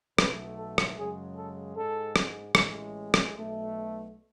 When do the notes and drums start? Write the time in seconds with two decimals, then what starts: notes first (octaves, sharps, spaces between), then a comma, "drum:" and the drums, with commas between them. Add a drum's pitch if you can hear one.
0.18 B1 B2 A3 B4, drum: rim click
0.58 A4
0.78 drum: rim click
0.98 F#2 C#3 G#3 G#4
1.36 A4
1.76 G#2 G#3 A4
2.16 drum: rim click
2.55 A1 A2 G#3, drum: rim click
3.14 drum: rim click
3.33 B1 B2 A3